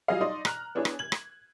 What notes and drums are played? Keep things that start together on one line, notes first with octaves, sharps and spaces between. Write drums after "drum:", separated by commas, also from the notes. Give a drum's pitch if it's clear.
F#3 G3 F4 G#4 D#5 F5
D#4 D5 D#5 C6
A#5 F6 F#6, drum: rim click
B3 D4 E4 G#4 C#5
drum: rim click
G#6 F#7
drum: rim click